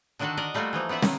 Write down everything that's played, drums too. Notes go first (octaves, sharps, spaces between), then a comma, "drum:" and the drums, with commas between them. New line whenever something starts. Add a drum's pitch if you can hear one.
D3 D#3 D4 F#4 A4 A5
A#4 D5 D#5
G3 A3 A#3 F4 F#4
E3 F3 D#4
B3 F4 D5 E5 F#5
D#3 A#3, drum: snare